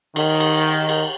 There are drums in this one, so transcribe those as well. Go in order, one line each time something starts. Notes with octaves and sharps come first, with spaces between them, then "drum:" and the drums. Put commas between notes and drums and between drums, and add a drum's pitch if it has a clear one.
D#3, drum: cymbal
drum: cymbal
drum: cymbal